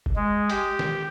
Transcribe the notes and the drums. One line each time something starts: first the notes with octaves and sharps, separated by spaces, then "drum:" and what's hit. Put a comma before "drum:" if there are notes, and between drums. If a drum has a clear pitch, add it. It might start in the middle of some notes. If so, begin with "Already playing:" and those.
drum: kick G1
G#3
G4, drum: hi-hat
drum: snare